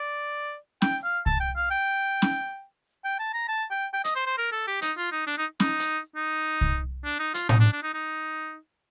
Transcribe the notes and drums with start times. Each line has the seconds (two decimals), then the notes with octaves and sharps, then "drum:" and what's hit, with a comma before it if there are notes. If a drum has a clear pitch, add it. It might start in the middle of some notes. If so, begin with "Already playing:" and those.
Already playing: D5
0.82 G5, drum: snare C#4
1.04 F5
1.26 A5, drum: kick C2
1.40 G5
1.56 F5
1.71 G5
2.22 drum: snare C#4
3.05 G5
3.19 A5
3.34 A#5
3.49 A5
3.71 G5
3.94 G5
4.04 D#5, drum: hi-hat
4.15 C5
4.26 C5
4.38 A#4
4.52 A4
4.68 G4
4.82 D#4, drum: hi-hat
4.97 F4
5.12 D#4
5.27 D4
5.38 D#4
5.60 D#4, drum: snare C#4
5.80 drum: hi-hat
6.16 D#4
6.61 drum: kick C2
7.04 D4
7.19 D#4
7.34 F4, drum: hi-hat
7.49 D#4, drum: tom A2
7.60 D4
7.72 D4
7.83 D#4
7.94 D#4